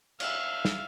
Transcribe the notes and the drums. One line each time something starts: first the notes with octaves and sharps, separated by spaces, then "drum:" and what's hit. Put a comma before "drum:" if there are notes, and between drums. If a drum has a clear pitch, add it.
E5 F5, drum: cymbal
drum: snare